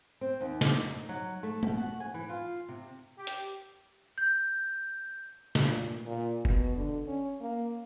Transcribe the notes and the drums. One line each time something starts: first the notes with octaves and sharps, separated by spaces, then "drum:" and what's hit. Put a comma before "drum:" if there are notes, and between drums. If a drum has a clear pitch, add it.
C4
D#2
D5, drum: snare
D#4
F#3
A3
B2, drum: tom G#3
F#4
G#5
E3
F4
C3
G4
drum: hi-hat
G6
A#2, drum: snare
A#2
B2, drum: kick F1
D3
C#4
A#3